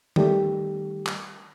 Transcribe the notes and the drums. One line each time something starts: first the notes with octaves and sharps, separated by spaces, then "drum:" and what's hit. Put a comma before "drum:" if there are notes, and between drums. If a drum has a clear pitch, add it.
D#3 G3 A3 G4, drum: tom D#3
drum: clap